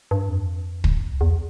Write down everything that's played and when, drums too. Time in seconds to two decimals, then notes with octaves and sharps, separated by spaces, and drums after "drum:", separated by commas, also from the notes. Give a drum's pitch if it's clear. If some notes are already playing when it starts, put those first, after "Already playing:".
0.11 G2
0.29 F2
0.84 drum: kick
1.21 E2